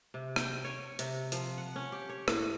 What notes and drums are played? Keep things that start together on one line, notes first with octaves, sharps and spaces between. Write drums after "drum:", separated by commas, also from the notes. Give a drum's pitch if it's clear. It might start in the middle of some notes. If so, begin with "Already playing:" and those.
C3
G5, drum: rim click
C#5
C3, drum: hi-hat
F3, drum: hi-hat
F#5
C#4
G4
C#5
A2, drum: rim click